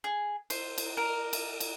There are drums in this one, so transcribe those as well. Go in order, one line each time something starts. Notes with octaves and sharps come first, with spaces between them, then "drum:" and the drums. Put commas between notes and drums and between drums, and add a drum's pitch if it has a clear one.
G#4
C5, drum: cymbal
drum: cymbal
A#4
drum: cymbal
drum: cymbal